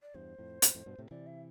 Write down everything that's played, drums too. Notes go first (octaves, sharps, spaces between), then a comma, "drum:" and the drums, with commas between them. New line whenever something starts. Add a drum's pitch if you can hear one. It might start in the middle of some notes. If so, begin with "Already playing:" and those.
D5
E2 G2 C5
F2 A2
F2 A2, drum: hi-hat
F2 A2
G2 B2
A2 C3
C3 E3 D5
E5